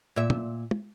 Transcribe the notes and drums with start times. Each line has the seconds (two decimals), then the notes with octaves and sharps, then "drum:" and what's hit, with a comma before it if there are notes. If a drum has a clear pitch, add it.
0.16 A#2 E5
0.30 drum: tom
0.71 drum: tom